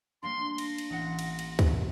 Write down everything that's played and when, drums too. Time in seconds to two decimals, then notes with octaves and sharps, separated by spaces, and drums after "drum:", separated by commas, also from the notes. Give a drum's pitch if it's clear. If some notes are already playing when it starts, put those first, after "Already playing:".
0.23 G3 A#3 D4 C6
0.58 A#6, drum: cymbal
0.78 drum: cymbal
0.90 A1 F#5
1.19 drum: cymbal
1.39 drum: cymbal
1.59 drum: kick, cymbal